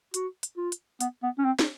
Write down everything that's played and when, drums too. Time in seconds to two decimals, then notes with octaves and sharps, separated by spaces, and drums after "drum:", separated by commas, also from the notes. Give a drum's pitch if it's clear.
0.14 F#4, drum: hi-hat
0.43 drum: hi-hat
0.57 F4
0.72 drum: hi-hat
1.01 B3, drum: hi-hat
1.23 B3
1.38 C#4
1.45 C4
1.59 drum: snare